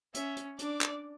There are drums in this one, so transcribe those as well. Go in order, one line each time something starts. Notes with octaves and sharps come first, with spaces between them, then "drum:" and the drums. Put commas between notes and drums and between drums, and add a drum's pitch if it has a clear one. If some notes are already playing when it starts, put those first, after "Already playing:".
C#4 E5, drum: hi-hat
drum: hi-hat
D4 D5, drum: hi-hat
drum: clap